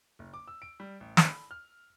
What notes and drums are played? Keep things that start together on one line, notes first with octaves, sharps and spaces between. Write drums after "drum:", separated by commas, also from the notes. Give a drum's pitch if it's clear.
F#1
D6
E6
D7
G3
A1
B5, drum: snare
F6